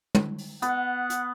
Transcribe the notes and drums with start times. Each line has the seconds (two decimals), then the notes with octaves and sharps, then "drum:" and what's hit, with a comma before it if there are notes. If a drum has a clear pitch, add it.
0.15 drum: tom
0.38 drum: open hi-hat
0.62 B3 F#5, drum: hi-hat
1.10 drum: hi-hat